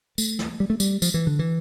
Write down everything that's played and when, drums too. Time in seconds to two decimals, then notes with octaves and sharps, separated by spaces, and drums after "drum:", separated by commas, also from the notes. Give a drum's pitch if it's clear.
0.18 A3, drum: tambourine
0.39 drum: snare
0.60 G3
0.70 A3
0.80 G3, drum: tambourine
1.02 F3, drum: tambourine
1.14 E3
1.27 D3
1.39 E3